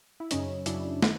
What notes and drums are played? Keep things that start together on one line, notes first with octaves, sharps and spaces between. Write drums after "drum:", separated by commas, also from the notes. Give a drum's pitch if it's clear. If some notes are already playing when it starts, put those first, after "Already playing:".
E4
F#2 C#3 F#3 C#4 D#4, drum: hi-hat
F#2 C#3 F#3 D4 E4, drum: hi-hat
D#3, drum: snare